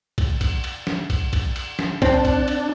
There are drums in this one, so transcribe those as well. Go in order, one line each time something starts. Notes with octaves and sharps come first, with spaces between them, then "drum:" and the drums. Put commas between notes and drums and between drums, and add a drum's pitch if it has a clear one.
drum: kick, cymbal
drum: kick, cymbal
drum: cymbal
drum: snare
drum: kick, cymbal
drum: kick, cymbal
drum: cymbal
drum: snare
C4 D4, drum: kick, cymbal
drum: kick, cymbal
drum: cymbal